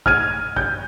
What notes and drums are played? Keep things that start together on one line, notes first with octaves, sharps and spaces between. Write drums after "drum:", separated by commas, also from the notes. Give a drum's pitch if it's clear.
F6 G#6 D#7, drum: kick
G6, drum: kick